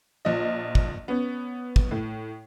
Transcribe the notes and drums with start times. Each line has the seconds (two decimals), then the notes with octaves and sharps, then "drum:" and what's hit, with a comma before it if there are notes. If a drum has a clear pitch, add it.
0.25 A#1 F3 D#5
0.75 drum: kick
1.08 B3 C#4
1.76 drum: kick
1.91 A2